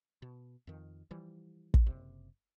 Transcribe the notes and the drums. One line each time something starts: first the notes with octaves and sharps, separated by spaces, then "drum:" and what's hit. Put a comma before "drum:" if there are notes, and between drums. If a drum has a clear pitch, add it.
B2
F2 D#3
E3 F3 G3
drum: kick
F#1 C3